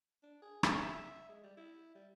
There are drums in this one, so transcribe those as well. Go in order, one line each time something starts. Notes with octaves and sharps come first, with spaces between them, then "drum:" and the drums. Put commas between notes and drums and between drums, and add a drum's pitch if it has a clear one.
D4
G#4
A3, drum: rim click
E5
G#3
G3
E4
G3